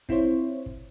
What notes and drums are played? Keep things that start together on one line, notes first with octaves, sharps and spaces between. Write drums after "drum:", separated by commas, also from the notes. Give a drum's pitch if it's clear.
C4 E4 F4 C5 C#5, drum: kick
drum: kick